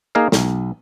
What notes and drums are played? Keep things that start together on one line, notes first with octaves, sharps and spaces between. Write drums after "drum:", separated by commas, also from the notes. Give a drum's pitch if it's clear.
A#3 D#4 G#4 D#5 F5
B1, drum: snare